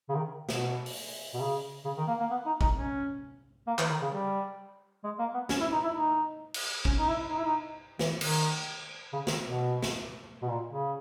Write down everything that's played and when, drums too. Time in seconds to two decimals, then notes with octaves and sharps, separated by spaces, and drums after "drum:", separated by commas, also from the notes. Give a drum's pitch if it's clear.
0.09 C#3
0.15 D#3
0.49 B2, drum: snare
0.86 drum: open hi-hat
1.34 B2
1.41 C#3
1.85 C#3
1.97 D#3
2.08 A#3
2.20 A#3
2.31 B3
2.46 D#4
2.61 D#4, drum: kick
2.76 C#4
3.67 A#3
3.79 E3, drum: clap
3.90 D#3
4.02 C#3
4.12 G3
5.04 G#3
5.19 A#3
5.34 B3
5.49 C#4, drum: snare
5.60 E4
5.72 D#4
5.83 E4
5.94 D#4
6.54 drum: cymbal
6.85 C#4, drum: kick
6.98 D#4
7.08 E4
7.30 D#4
7.38 E4
7.45 D#4
7.99 E3, drum: snare
8.21 D#3, drum: cymbal
9.13 C#3
9.27 D#3, drum: snare
9.43 B2
9.83 drum: snare
10.42 B2
10.48 A#2
10.71 C#3